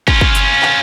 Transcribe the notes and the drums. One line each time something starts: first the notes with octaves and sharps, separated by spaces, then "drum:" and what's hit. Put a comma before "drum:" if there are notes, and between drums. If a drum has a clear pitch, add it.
C#4 F4, drum: kick
drum: kick
drum: hi-hat
drum: clap